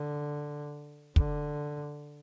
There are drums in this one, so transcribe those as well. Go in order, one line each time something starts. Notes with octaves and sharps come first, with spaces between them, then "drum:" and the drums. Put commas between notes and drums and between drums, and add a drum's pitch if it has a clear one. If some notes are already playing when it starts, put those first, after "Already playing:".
Already playing: D3
D3, drum: kick